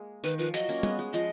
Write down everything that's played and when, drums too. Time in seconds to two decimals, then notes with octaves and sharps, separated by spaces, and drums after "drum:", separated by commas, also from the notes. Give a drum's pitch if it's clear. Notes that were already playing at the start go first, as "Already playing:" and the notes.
Already playing: G#3 A#3
0.24 D#3 B4
0.38 F3 B4
0.54 F#3 D#5, drum: hi-hat
0.69 A#3 C#4
0.83 G#3 B3, drum: tom G3
0.99 G#3
1.13 F3 D#5